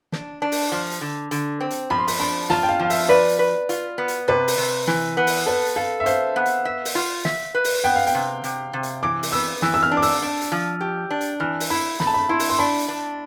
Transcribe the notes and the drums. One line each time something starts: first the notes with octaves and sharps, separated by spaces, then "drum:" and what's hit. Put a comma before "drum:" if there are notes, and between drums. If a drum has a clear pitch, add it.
D4, drum: snare
D4
drum: open hi-hat
F3
drum: hi-hat
D3
D3, drum: hi-hat
C4
drum: hi-hat
F3 B5
C6
B5, drum: open hi-hat
D4 B5
F4 A5, drum: snare
G5
F5
F3 F5
E5, drum: open hi-hat
B4 D5
drum: hi-hat
B4
F4, drum: hi-hat
B3
drum: hi-hat
C3 B4
drum: open hi-hat
C3
E3, drum: snare
B3
drum: open hi-hat
A4 B4
drum: hi-hat
A4 F5
E5
C5 F5, drum: hi-hat
B3
drum: hi-hat
E5
drum: open hi-hat
F4
E5, drum: snare
B4
drum: open hi-hat
B3 G5
F5
G5, drum: hi-hat
C3
C3, drum: hi-hat
C3
drum: hi-hat
E3 D6
drum: open hi-hat
B3 E6
E3 E6, drum: snare
E6
F6
D4
D6
E6, drum: open hi-hat
D4
drum: hi-hat
F3
G4
D4
drum: hi-hat
E3 F6
drum: open hi-hat
E4 B5
A3 B5, drum: snare
A5
B5
E4 C6
drum: open hi-hat
C6
D4 B5
drum: hi-hat
D4